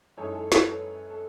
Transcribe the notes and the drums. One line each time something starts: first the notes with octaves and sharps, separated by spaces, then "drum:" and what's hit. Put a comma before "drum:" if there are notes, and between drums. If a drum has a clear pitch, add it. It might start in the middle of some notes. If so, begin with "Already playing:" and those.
F#2 E3 G#3 D#4 A4 C#5
A4
B4, drum: snare
A4 C#5
A4